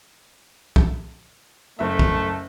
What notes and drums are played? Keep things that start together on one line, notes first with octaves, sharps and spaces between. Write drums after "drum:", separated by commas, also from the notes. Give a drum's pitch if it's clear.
drum: kick
F#1 A3 E5
drum: kick